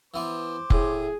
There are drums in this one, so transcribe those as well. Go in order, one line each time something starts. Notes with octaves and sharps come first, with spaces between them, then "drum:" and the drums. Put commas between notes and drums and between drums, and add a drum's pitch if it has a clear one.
E3 B3 C5 D6
A2 G#4, drum: kick F1